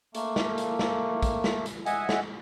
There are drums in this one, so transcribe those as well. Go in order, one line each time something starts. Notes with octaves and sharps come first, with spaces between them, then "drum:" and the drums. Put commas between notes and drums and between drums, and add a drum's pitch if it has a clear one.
A3 A#3, drum: hi-hat
drum: snare
drum: hi-hat
drum: snare
drum: kick, hi-hat
drum: snare
drum: hi-hat
D#5 E5 F#5 G#5, drum: hi-hat
drum: snare